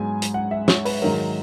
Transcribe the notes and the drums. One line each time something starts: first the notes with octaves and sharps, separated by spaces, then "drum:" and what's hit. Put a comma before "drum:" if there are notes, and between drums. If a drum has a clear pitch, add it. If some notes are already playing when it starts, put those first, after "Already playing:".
Already playing: G#2 F#3 B3 G#5
drum: hi-hat
F#5
E5
C#5, drum: snare
B4, drum: open hi-hat
G#2 D#3 F#3 A#4